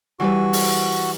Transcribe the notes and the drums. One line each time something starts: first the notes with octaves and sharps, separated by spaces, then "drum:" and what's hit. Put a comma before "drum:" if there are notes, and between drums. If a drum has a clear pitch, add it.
E3 G3 F#4 B4
drum: open hi-hat